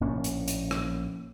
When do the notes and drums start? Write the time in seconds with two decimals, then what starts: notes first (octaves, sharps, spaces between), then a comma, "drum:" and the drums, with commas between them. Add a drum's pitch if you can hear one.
0.01 A#1 A2 A#3 C#4
0.24 drum: hi-hat
0.48 drum: hi-hat
0.71 drum: rim click